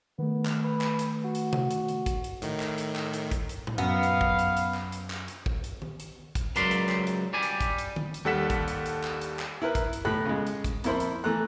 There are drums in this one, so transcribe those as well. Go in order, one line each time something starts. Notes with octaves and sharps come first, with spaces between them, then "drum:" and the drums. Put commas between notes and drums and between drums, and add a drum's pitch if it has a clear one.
D#3 A3 B3
drum: clap
B4
drum: clap
drum: hi-hat
F#4
drum: hi-hat
drum: tom C3
drum: hi-hat
drum: hi-hat
drum: kick, hi-hat
drum: hi-hat
A2 D#3, drum: hi-hat
drum: clap
drum: hi-hat
drum: clap
drum: hi-hat
drum: kick, hi-hat
drum: hi-hat
drum: tom A2
F#2 B3 F5
drum: hi-hat
drum: kick
drum: hi-hat
drum: hi-hat
drum: clap
drum: hi-hat
drum: clap
drum: hi-hat
drum: kick
drum: hi-hat
drum: tom D#3
drum: hi-hat
drum: kick, hi-hat
C#2 F#3 A#4 B4 D5 C6, drum: hi-hat
drum: hi-hat
drum: clap
drum: hi-hat
G3 D5 G#5
drum: hi-hat
drum: kick, hi-hat
drum: hi-hat
drum: tom D3
drum: hi-hat
D#2 G3 A4 F#5 B6 E7
drum: kick, hi-hat
drum: hi-hat
drum: hi-hat
drum: clap
drum: hi-hat
drum: clap
E4 A#4 B4
drum: kick, hi-hat
drum: hi-hat
A2 A3 B5 F#6
C#3 G#3
drum: hi-hat
drum: kick, hi-hat
F2 A#3 E4 C5 B5, drum: hi-hat
drum: hi-hat
E3 A3 A#5 F#6